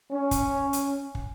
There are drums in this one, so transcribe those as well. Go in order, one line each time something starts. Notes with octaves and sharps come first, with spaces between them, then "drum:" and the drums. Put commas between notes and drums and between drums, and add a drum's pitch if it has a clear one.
C#4
drum: kick, hi-hat
drum: hi-hat
drum: kick